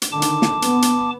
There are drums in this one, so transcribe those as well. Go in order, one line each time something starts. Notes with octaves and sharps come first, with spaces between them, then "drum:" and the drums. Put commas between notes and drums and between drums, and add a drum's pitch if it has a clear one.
drum: hi-hat
D3 D#3 A5 D6
drum: hi-hat
drum: snare
B3, drum: hi-hat
drum: hi-hat